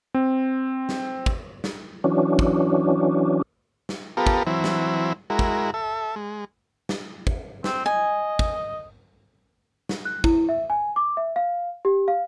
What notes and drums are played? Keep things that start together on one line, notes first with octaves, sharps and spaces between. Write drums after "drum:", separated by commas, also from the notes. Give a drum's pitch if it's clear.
C4
drum: snare
drum: kick
drum: snare
E3 F#3 C#4 D4
drum: kick
drum: snare
B3 F4 G4 A4 A#4
drum: kick
E3 F#3 C4 E4
drum: snare
G#3 E4 F#4 A#4
drum: kick
A4 E5
G#3
drum: snare
drum: kick
C4, drum: snare
D#5 G#5
drum: kick
drum: snare
F#6
E4, drum: kick
E5
G#5
D6
E5
F5
G4
F5